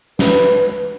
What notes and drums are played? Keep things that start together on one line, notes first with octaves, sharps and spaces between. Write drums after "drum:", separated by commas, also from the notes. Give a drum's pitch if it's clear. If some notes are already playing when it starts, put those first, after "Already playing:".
B4, drum: snare